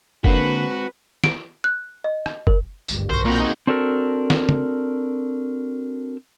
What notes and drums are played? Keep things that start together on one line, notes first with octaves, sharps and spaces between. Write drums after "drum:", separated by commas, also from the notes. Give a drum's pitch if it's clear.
D3 G#3 A#3 C4 F#4 B4 B6, drum: kick
D7, drum: snare
F#6
D#5
drum: rim click
A#4, drum: kick
G#1 D2 G2, drum: tambourine
B1 A#4 C5 C6 C#6 A#6
A#2 A#3 C4 F#4 A#5 B5 G6
D#4 F#4 G#4
C4 D4 F#4 A4 A#4
drum: snare
drum: tom C#3